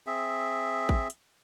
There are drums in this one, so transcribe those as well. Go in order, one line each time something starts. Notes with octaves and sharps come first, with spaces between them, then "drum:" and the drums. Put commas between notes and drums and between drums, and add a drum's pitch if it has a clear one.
C4 G#4 E5
drum: kick
drum: hi-hat